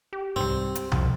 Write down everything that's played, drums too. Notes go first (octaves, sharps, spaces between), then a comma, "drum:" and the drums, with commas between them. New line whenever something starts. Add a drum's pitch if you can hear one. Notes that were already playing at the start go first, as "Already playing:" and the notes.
G4
C2 G#2 C4
drum: hi-hat
C2 F2 C3 F3, drum: tom B2